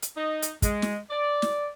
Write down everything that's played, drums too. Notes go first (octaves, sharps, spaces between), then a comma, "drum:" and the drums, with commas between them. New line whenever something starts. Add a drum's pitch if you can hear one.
drum: hi-hat
D#4 D#5
drum: hi-hat
G#3, drum: kick, hi-hat
drum: snare
D5
drum: snare